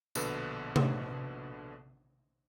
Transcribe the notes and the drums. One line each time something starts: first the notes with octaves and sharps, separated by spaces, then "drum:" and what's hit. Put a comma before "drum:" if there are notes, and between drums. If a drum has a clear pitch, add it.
A#1 B2 D3 B3 A4 B4, drum: tambourine
drum: tom C3